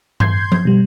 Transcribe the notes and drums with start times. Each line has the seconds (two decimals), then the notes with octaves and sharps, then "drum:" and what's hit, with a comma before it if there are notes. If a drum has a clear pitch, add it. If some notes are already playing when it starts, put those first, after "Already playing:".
0.20 C6 G6 G#6 C7, drum: tom G2
0.52 drum: tom F3
0.65 B2 G3